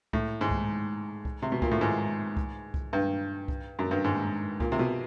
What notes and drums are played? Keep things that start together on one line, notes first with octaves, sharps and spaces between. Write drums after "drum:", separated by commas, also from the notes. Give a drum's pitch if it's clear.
A2, drum: kick C2
G#2
drum: kick C2
drum: kick C2
C3
B2
A#2, drum: kick C2
A2
G#2
drum: kick C2
drum: kick C2
G2
drum: kick C2
F#2
G2
G#2
A#2, drum: kick C2
C3
B2